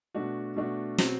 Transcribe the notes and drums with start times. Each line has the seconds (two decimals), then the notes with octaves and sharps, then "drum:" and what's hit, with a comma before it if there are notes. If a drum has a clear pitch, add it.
0.15 B2 A3 D4 F#4
0.56 B2 A3 D4 F#4
0.98 B2 F#3 C4 F#4, drum: snare